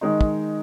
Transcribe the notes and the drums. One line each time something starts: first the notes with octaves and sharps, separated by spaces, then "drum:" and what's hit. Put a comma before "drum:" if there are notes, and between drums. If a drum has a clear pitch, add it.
D#3 G#3 D#4
drum: kick